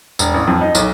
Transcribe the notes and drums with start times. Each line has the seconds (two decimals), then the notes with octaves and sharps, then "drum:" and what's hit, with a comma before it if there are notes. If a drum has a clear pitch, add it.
0.19 E1, drum: tambourine
0.34 A1
0.47 F2
0.61 D#4
0.75 B1, drum: tambourine